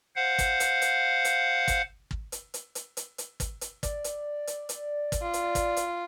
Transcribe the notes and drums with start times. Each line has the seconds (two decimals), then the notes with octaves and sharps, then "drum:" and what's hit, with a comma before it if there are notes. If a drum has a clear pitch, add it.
0.16 C5 F5 F#5
0.38 drum: kick, hi-hat
0.60 drum: hi-hat
0.82 drum: hi-hat
1.25 drum: hi-hat
1.68 drum: kick, hi-hat
2.11 drum: kick
2.32 drum: hi-hat
2.54 drum: hi-hat
2.75 drum: hi-hat
2.97 drum: hi-hat
3.18 drum: hi-hat
3.40 drum: kick, hi-hat
3.61 drum: hi-hat
3.83 D5, drum: kick, hi-hat
4.04 drum: hi-hat
4.47 drum: hi-hat
4.69 drum: hi-hat
5.12 drum: kick, hi-hat
5.22 F4
5.33 drum: hi-hat
5.55 drum: kick, hi-hat
5.77 drum: hi-hat